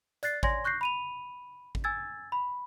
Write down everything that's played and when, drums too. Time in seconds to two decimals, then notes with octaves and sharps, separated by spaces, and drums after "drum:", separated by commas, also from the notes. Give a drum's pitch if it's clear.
0.23 D5 F#6 A6 C7, drum: hi-hat
0.43 C#5 D5 G#5 C6 G#6 A#6, drum: kick G#1
0.64 C#6 F#6 G6 A#6 C7
0.81 B5 D#7 F7
1.75 drum: kick G#1
1.84 G#5 E6 G#6 A6
2.32 B5